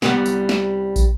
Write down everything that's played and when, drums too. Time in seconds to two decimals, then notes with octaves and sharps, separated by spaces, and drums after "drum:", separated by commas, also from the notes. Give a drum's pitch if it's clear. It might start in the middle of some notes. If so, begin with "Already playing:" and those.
0.02 C2 G3 B3 F5 F#5, drum: snare
0.26 drum: tambourine
0.49 drum: snare
0.96 drum: kick, tambourine